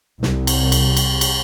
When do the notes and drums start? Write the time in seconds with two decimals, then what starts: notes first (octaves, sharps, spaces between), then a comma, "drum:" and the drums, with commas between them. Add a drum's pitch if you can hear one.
0.23 C2, drum: snare
0.47 drum: cymbal
0.72 drum: cymbal
0.97 drum: cymbal
1.21 drum: cymbal